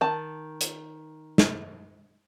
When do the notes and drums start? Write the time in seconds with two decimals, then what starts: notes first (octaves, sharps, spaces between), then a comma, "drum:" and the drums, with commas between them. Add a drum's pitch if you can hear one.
0.01 D#3 A5
0.61 drum: hi-hat
1.38 drum: snare